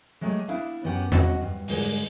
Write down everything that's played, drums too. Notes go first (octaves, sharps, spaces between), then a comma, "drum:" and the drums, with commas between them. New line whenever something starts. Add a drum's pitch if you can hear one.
F#3 G#3 A3 G4 G#4
B3 D4 E4 E5 F5
F#2 B3 C#4 G4 F#5
F#4 D#5 F#5, drum: tom E2
G2
G#2 D3 G#3, drum: open hi-hat